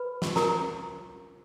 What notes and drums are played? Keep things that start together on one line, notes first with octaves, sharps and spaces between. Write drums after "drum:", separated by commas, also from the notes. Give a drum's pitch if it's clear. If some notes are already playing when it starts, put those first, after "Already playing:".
Already playing: B4 B5
drum: snare
A#4 A#5, drum: snare